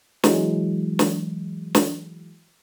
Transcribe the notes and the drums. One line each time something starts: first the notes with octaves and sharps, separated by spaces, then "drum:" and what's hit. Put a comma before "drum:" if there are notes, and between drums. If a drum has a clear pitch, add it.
E3 F#3 G#3, drum: snare
drum: snare
drum: snare